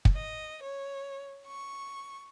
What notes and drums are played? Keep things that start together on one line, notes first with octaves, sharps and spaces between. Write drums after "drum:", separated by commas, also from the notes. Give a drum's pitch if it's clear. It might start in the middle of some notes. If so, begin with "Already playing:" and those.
drum: kick
D#5
C#5
C#6